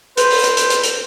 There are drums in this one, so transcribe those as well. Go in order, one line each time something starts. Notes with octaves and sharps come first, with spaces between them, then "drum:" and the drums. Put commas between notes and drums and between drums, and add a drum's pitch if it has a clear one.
B4 C5, drum: hi-hat
drum: open hi-hat
drum: hi-hat
drum: hi-hat
drum: hi-hat
drum: hi-hat